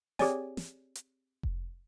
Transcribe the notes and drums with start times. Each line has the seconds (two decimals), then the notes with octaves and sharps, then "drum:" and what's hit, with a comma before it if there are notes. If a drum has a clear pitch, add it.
0.19 C4 G4 G#4 C#5 D5 G#5, drum: snare
0.57 drum: snare
0.95 drum: hi-hat
1.43 drum: kick F1